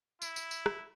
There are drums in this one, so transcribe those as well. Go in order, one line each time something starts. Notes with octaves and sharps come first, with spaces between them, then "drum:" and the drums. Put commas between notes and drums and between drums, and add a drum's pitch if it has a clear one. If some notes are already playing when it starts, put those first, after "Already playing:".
E4, drum: tambourine
drum: tambourine
drum: tambourine
drum: rim click